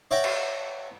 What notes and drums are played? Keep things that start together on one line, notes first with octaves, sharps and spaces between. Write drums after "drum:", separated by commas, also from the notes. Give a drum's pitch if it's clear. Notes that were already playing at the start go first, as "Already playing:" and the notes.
C#5 D5 E5 F#5 G5 A#5
drum: cymbal